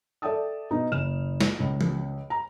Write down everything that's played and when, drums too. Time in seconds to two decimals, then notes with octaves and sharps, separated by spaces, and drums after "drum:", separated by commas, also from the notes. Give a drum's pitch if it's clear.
0.22 A4 D5 E5 G5 A5 D#6
0.71 B2 D#4
0.92 F#1 F6 E7
1.41 drum: snare
1.60 C#2
1.81 drum: tom
2.30 A#5